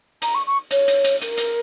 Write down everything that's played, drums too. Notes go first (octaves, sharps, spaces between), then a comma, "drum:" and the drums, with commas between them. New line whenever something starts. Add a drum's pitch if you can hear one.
A#5, drum: hi-hat
C#6
C#6
C#5, drum: hi-hat
drum: hi-hat
drum: hi-hat
A#4, drum: hi-hat
drum: hi-hat